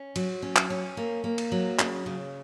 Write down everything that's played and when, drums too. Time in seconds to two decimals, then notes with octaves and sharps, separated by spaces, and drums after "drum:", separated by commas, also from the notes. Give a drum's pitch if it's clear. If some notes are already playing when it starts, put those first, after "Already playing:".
Already playing: C#4
0.16 F#3, drum: cymbal
0.42 C#4
0.56 drum: clap
0.70 C#4
0.97 A#3
1.24 A#3
1.38 drum: cymbal
1.52 F#3
1.79 C#3, drum: clap
2.06 C#3